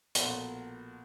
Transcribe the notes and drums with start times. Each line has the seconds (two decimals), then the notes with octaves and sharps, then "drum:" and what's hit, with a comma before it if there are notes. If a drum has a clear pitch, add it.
0.15 A#1 B2 A4 F#5 C6, drum: hi-hat